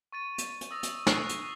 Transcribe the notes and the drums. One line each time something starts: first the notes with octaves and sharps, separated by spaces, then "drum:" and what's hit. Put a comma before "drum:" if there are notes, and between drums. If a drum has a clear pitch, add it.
C#6 A6 D#7
drum: hi-hat
drum: hi-hat
D#6 E6 A#6
F#7, drum: hi-hat
C#6 F#6 C7, drum: snare
drum: hi-hat